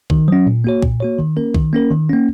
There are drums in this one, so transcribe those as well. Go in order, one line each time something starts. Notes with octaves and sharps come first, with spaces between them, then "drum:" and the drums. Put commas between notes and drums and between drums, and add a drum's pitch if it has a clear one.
D#3, drum: kick B1
F#3 C#4
A#2
A#3 F#4 C#5
A#2, drum: kick B1
A#3 F#4 C#5
D#3
A#3 C#4 A#4
D#3, drum: kick B1
A#3 C#4 A#4
D#3
A#3 C#4